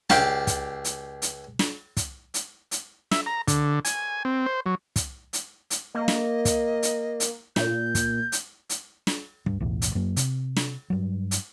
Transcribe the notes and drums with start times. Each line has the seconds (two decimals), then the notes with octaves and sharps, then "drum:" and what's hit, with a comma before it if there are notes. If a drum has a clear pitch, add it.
0.10 C#2 G4 D5 F5 A5, drum: snare
0.47 drum: kick, hi-hat
0.84 drum: hi-hat
1.22 drum: hi-hat
1.59 drum: snare
1.97 drum: kick, hi-hat
2.34 drum: hi-hat
2.71 drum: hi-hat
3.11 E5, drum: snare
3.26 A#5
3.48 D3, drum: kick, hi-hat
3.85 G#5, drum: hi-hat
4.25 C4
4.46 C5
4.66 F#3
4.96 drum: kick, hi-hat
5.33 drum: hi-hat
5.70 drum: hi-hat
5.95 A#3 D#5
6.08 drum: snare
6.45 drum: kick, hi-hat
6.83 drum: hi-hat
7.20 drum: hi-hat
7.56 A#2 G6, drum: snare
7.95 drum: kick, hi-hat
8.32 drum: hi-hat
8.70 drum: hi-hat
9.07 drum: snare
9.46 G2, drum: kick
9.60 B1 E2 A2
9.82 drum: hi-hat
9.95 F#2 F#3 A#3
10.17 C3, drum: hi-hat
10.56 drum: snare
10.90 G2 F#3
11.31 drum: hi-hat